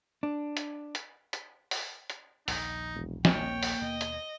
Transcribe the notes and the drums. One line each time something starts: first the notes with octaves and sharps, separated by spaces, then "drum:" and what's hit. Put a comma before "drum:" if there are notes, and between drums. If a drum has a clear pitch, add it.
D4
drum: hi-hat
drum: hi-hat
drum: hi-hat
drum: open hi-hat
drum: hi-hat
A#1 D#2 D#4, drum: open hi-hat
E1
A#3 C#5 G5, drum: snare
drum: open hi-hat
D#2 B2 D#5
drum: hi-hat